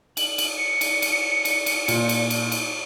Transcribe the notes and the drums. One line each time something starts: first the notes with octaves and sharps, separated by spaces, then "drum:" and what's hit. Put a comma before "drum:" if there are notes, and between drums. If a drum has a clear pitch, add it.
F#7, drum: cymbal
drum: cymbal
C#7
drum: cymbal
drum: cymbal
drum: cymbal
drum: cymbal
A#2, drum: cymbal
drum: cymbal
drum: cymbal
drum: cymbal